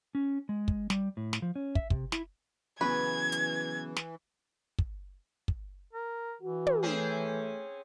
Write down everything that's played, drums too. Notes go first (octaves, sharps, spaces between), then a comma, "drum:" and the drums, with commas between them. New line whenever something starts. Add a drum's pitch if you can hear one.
C#4
G#3
drum: kick
G3, drum: snare
A2
drum: snare
F3
C#4
E5, drum: kick
C3, drum: kick
E4, drum: snare
C#3 E3 F#3 B3 B4 G#6
drum: hi-hat
drum: snare
drum: kick
drum: kick
A#4
E3 F#4
drum: tom
A3 C4 C#4 G#4